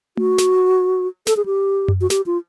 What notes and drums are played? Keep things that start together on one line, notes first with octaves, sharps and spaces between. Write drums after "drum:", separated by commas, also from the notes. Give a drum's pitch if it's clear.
F#4, drum: tom A3
drum: snare
A4, drum: snare
G#4
G4
drum: tom F#2
F#4
G4, drum: snare
F4